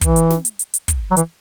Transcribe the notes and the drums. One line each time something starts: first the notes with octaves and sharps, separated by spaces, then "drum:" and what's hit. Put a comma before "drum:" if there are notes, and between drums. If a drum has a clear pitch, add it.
E3, drum: kick, hi-hat
drum: hi-hat
drum: snare
drum: hi-hat
drum: hi-hat
drum: hi-hat
drum: kick, hi-hat
F#3
E3, drum: hi-hat